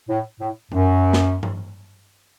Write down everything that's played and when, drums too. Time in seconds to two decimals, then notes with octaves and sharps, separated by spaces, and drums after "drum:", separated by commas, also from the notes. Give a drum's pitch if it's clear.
0.09 A2
0.40 A2
0.72 F#2, drum: tom G2
1.13 drum: snare
1.43 drum: tom G2